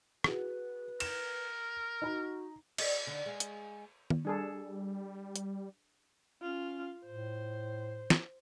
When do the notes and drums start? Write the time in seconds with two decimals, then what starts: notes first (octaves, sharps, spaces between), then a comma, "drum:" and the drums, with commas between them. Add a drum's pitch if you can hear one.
0.24 F#4 G#4 B4, drum: rim click
1.00 A#4 E7, drum: cymbal
2.02 D#4 F#4 A#5
2.78 A4 D5 D#5, drum: cymbal
3.07 D3 D#4
3.26 G#3 F5
3.40 drum: hi-hat
4.10 drum: tom D#3
4.25 G3 D4 G#4 A4
5.36 drum: hi-hat
6.42 C#4 F4
7.06 A2 C5
8.10 drum: snare